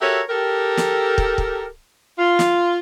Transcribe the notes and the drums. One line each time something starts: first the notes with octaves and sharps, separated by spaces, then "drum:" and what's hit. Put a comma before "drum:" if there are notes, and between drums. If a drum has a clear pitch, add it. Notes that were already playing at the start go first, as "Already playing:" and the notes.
F#4 G4 A4 A#4 C#5 E5
G4 A4 A#4
drum: snare
drum: kick
drum: kick
F4
drum: snare